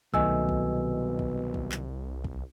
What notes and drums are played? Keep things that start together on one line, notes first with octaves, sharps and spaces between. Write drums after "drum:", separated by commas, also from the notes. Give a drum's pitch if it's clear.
C2 B2 D#3 F#3 A3 D#5 G#5 E6, drum: kick
drum: kick
drum: kick
drum: kick
drum: clap
drum: kick